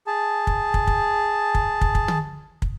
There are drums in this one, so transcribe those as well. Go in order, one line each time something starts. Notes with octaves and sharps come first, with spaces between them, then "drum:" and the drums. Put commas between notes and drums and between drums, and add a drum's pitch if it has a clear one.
G#4 A5
drum: kick
drum: kick
drum: kick
drum: kick
drum: kick
drum: kick
drum: tom
drum: kick